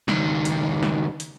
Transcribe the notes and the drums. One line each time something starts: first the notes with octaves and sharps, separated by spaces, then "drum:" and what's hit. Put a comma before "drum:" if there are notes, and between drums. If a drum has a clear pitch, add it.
C#2 D#3, drum: snare
drum: hi-hat
drum: snare
drum: hi-hat